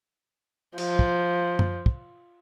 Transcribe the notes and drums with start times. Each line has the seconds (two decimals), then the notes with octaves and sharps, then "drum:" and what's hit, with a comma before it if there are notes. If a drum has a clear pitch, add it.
0.78 F3, drum: cymbal
0.99 drum: kick
1.59 drum: tom F#2
1.86 drum: kick